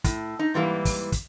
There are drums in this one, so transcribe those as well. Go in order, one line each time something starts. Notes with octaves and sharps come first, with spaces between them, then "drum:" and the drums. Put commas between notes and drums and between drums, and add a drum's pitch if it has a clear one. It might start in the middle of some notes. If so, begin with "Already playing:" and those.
A2, drum: kick, hi-hat
D#4
G#2 E3 G3 A#3
drum: kick, open hi-hat
drum: kick, hi-hat